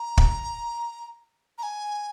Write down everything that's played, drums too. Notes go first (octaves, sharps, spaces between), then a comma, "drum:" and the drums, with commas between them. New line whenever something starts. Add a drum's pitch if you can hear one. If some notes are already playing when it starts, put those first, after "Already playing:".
Already playing: A#5
drum: kick
A#5
G#5